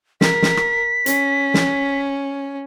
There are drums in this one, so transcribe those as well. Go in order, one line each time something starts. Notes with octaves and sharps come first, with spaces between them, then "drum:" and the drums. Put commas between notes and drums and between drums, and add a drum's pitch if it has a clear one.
A#4 B6, drum: snare
drum: snare
drum: rim click
C#4, drum: hi-hat
drum: snare